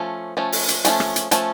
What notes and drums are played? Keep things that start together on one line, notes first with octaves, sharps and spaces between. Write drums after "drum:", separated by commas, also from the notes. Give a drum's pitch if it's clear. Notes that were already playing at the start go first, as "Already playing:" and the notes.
Already playing: F3 A3 C#4
F3 A3 C#4
drum: open hi-hat
drum: hi-hat
F3 A3 C#4, drum: hi-hat
drum: rim click
drum: hi-hat
F3 A3 C#4, drum: hi-hat